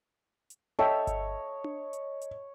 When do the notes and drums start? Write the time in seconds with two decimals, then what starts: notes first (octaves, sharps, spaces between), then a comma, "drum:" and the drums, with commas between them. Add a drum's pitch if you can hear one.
0.50 drum: hi-hat
0.79 A4 C#5 D#5 E5 G5 A5
1.07 drum: kick G1, hi-hat
1.64 drum: tom D4
1.93 drum: hi-hat
2.21 drum: hi-hat